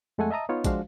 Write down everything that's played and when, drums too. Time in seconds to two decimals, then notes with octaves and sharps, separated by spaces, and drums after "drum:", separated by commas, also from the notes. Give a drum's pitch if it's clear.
0.18 F2 G#3 A3 A4 F#5 G#5
0.31 D#5 E5 A5 A#5 D#6
0.49 B3 D#4 F4 C#5
0.64 F3 G#3 D4 F#4 C5 F5, drum: kick, hi-hat